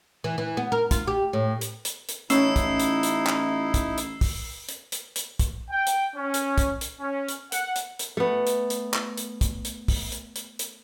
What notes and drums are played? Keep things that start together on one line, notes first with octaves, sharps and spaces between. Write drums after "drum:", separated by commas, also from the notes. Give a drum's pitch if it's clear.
E3
E3
B3
A#4
F4, drum: kick, hi-hat
G4
A2
drum: hi-hat
drum: hi-hat
drum: hi-hat
A1 C#4 D#4 E4 E6 C7 E7, drum: hi-hat
drum: kick, hi-hat
drum: hi-hat
drum: hi-hat
drum: clap
drum: kick, hi-hat
drum: hi-hat
drum: kick, open hi-hat
drum: hi-hat
drum: hi-hat
drum: hi-hat
drum: kick, hi-hat
G5
drum: hi-hat
C#4
drum: hi-hat
drum: kick, hi-hat
drum: hi-hat
C#4
drum: hi-hat
F#5, drum: hi-hat
drum: hi-hat
drum: hi-hat
A3 B3
drum: hi-hat
drum: hi-hat
drum: clap
drum: hi-hat
drum: kick, hi-hat
drum: hi-hat
drum: kick, open hi-hat
drum: hi-hat
drum: hi-hat
drum: hi-hat